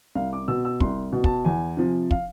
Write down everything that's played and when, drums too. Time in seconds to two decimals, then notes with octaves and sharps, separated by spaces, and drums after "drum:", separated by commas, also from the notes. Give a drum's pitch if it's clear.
0.15 C2 F5
0.33 D6
0.48 B2 E6
0.65 E6
0.80 C2 C6, drum: kick
1.12 B2
1.24 A5, drum: kick
1.45 E2 G#5
1.77 C3 F3
2.11 F5, drum: kick